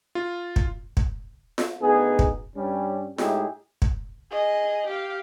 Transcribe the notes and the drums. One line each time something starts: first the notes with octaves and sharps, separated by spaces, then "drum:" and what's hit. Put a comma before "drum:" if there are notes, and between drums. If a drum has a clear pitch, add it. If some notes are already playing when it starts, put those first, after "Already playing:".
F4
drum: kick
drum: kick
drum: snare F4
D2 B3 D#4 G#4
drum: kick
G2 G3 C#4
A2 G#3 D#4 E4 G4 G#4, drum: snare F4
drum: kick
G#4 D#5
G4 F5